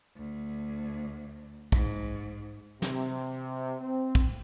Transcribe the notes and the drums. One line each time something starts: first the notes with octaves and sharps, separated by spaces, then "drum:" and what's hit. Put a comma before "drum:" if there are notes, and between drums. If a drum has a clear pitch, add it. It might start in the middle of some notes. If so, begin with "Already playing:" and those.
D2
G#2, drum: kick
C3, drum: snare
C4
drum: kick